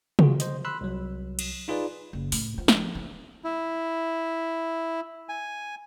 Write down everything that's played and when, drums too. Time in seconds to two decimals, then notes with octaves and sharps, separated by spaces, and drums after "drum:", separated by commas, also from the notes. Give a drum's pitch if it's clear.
0.19 F4 F#4 G#4, drum: tom C3
0.40 C5 D#5, drum: hi-hat
0.65 B5 C6 E6 F#6
0.81 C2 F#3
1.39 drum: cymbal
1.68 D#4 F4 G#4 B4 D5
2.13 F#1
2.32 A2, drum: open hi-hat
2.58 F3
2.68 drum: snare
2.95 E3
3.44 E4
5.29 G#5